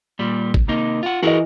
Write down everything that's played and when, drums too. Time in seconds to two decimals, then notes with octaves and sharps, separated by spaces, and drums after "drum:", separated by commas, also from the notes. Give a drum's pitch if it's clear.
0.19 A#2 G3
0.54 drum: kick
0.68 C3 A#3 D#4
1.03 F4 F#5
1.23 E3 F#4 G#4 A#4 D#5